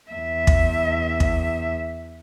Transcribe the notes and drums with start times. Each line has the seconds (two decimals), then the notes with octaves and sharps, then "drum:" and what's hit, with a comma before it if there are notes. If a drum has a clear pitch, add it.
0.11 E2 E5
0.47 drum: kick
1.20 drum: kick